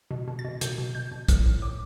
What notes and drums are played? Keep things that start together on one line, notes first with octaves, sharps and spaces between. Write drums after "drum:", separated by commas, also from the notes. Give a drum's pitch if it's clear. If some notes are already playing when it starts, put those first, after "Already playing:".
B2
B2
A6
B2
B2 G6, drum: hi-hat
B2
B2 G6
B2
F3 F6, drum: kick, hi-hat
A2
A2 D6